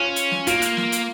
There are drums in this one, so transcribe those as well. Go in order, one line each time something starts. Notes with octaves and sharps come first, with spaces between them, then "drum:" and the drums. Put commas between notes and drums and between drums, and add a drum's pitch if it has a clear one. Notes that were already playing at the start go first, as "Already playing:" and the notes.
Already playing: C#4 F4
drum: hi-hat
drum: snare
A#3 F4, drum: hi-hat
drum: hi-hat
drum: snare
drum: hi-hat